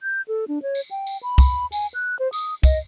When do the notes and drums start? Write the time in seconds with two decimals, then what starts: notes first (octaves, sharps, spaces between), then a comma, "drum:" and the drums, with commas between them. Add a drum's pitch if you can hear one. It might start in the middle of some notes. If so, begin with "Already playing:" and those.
0.03 G6
0.28 A4
0.48 D4
0.63 C#5
0.75 drum: tambourine
0.91 G5
1.07 drum: tambourine
1.23 B5
1.38 drum: kick, tambourine
1.72 G#5, drum: tambourine
1.94 F#6
2.19 C5
2.33 D#6, drum: tambourine
2.63 D#5, drum: kick, tambourine